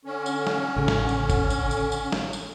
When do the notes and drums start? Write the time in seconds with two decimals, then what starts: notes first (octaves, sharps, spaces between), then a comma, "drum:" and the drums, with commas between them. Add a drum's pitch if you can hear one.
0.05 D3 C#4
0.26 drum: tambourine
0.47 drum: snare
0.76 A1 C#3
0.88 drum: snare
1.09 drum: tambourine
1.30 drum: kick G1, tambourine
1.50 drum: tambourine
1.71 drum: tambourine
1.92 drum: tambourine
2.12 drum: snare
2.33 drum: tambourine